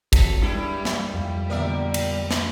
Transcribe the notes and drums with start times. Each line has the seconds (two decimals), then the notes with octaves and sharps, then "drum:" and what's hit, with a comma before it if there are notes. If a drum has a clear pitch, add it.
0.13 F2 F#3 A4, drum: kick, cymbal
0.42 G2 G3 G#3 D4 E4
0.85 drum: snare
1.14 F2
1.50 B1 A#2 D3 A#4 D5 E5
1.94 drum: cymbal
2.31 drum: snare